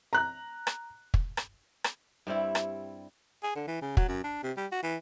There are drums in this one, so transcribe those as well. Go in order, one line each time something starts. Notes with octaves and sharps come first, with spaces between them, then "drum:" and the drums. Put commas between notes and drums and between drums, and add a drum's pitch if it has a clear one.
A#5 F#6
drum: rim click
drum: kick
drum: rim click
drum: rim click
G2 G3 C4 E4
drum: rim click
G#4
D3
E3
C#3
F#3, drum: kick
F#2
D4
C3
G3
F#4
E3